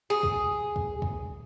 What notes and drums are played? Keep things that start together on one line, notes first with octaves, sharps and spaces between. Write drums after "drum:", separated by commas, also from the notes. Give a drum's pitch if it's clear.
G#4
drum: kick
drum: kick
drum: kick